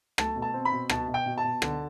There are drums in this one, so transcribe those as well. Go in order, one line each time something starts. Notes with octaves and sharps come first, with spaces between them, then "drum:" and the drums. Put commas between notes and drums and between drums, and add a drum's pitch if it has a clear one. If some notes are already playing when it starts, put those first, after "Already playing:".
A3 A5, drum: rim click
B2
A5
C4
B5
B2
B2 A5, drum: rim click
B2
G5
B2
A5
B2
D3, drum: rim click